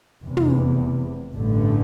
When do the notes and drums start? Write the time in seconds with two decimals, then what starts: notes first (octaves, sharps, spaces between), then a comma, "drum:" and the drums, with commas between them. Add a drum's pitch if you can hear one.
0.23 F1 E2 C3
0.37 drum: tom
1.33 A1 G2 D3 A3